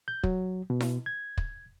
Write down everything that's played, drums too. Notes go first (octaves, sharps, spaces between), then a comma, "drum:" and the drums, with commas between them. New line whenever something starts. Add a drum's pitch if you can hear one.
G6
F#3, drum: kick
B2
drum: snare E4
G#6
drum: kick